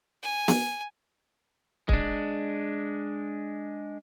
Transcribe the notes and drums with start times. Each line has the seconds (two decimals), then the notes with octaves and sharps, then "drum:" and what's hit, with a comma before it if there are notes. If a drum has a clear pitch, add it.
0.23 G#5
0.48 drum: snare B3
1.89 G#3 D4, drum: kick